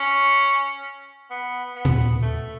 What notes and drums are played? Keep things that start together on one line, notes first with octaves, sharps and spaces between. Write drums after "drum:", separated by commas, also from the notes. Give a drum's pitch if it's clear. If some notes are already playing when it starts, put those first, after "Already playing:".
Already playing: C#4
B3
B3
drum: tom
A3